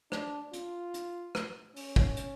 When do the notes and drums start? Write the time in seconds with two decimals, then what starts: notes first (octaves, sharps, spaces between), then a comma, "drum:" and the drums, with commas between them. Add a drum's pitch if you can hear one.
0.12 D4, drum: rim click
0.53 F4, drum: hi-hat
0.94 drum: hi-hat
1.35 drum: rim click
1.76 C#4, drum: open hi-hat
1.96 drum: kick
2.17 drum: hi-hat